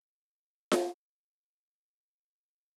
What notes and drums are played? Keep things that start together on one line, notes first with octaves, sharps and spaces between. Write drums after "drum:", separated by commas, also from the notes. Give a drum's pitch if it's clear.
B5 F7 G7
drum: snare F4
F#3 C4 F#4 G4 G#5 A#6 C#7
C#4 E5 C6 D6